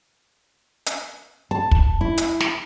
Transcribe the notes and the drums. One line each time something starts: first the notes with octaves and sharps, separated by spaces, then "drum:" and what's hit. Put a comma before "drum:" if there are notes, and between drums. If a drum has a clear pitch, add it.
drum: hi-hat
A5
drum: kick
E4
drum: hi-hat
drum: snare